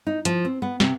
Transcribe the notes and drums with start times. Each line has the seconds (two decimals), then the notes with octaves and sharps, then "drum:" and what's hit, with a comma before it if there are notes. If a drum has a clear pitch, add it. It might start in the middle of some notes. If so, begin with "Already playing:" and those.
0.07 D#4
0.25 F3, drum: hi-hat
0.45 C4
0.62 B3
0.80 C3, drum: snare